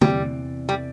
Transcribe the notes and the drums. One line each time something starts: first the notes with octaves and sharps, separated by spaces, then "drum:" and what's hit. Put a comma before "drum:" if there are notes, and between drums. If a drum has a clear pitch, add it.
E2 C3 E3 G3, drum: tom
G3